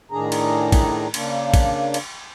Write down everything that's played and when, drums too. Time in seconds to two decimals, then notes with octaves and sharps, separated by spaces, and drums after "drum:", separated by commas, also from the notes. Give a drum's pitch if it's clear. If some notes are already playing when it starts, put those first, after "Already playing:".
0.12 A2 D#3 D4 G#4 A#5
0.32 drum: cymbal
0.72 drum: kick A#1, cymbal
1.14 C#3 A#3 D4, drum: cymbal
1.54 drum: kick A#1, cymbal
1.94 drum: cymbal